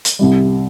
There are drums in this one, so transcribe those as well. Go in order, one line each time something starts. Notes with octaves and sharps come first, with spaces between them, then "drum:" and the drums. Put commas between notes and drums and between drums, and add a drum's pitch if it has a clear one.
drum: hi-hat
C2 C3 G3